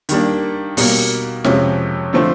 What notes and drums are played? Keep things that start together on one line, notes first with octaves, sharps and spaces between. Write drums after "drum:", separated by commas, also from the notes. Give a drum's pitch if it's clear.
D#3 G3 A#3 D4, drum: hi-hat
B2 G3 A#3, drum: open hi-hat
F2 C3 F3 G#3 C#4, drum: snare
D3 F3 A3 C4